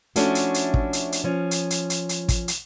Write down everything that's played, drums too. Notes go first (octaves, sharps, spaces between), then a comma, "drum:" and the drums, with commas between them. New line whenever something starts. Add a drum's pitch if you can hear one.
F3 A3 C#4 D4 E4 F#4, drum: hi-hat
drum: hi-hat
drum: hi-hat
drum: kick
drum: hi-hat
drum: hi-hat
F3 C#4
drum: hi-hat
drum: hi-hat
drum: hi-hat
drum: hi-hat
drum: kick, hi-hat
drum: hi-hat